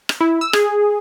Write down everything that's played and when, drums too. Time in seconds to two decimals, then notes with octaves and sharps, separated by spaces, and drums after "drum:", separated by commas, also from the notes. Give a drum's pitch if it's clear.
0.09 drum: rim click
0.21 E4
0.41 E6
0.53 G#4, drum: rim click